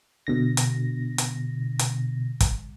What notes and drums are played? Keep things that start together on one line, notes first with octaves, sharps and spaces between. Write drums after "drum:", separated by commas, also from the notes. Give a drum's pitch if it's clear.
B2 D3 A#6
drum: hi-hat
drum: hi-hat
drum: hi-hat
drum: kick, hi-hat